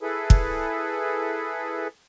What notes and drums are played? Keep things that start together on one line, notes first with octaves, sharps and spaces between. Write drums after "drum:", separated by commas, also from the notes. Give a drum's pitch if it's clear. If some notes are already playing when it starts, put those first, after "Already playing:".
E4 G#4 A4 B4
drum: kick